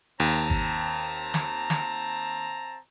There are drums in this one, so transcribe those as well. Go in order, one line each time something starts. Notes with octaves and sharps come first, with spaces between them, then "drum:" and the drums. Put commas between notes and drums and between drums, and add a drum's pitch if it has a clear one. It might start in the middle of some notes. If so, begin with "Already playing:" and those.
D#2 C4 A5 A#5
drum: kick
drum: snare
drum: snare